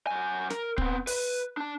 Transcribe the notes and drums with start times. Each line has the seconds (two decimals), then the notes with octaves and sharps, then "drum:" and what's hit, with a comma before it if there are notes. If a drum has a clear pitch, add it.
0.07 F#2 G#5
0.50 A#4, drum: snare
0.78 B3 C4, drum: kick
1.07 B4, drum: open hi-hat
1.57 D4 A5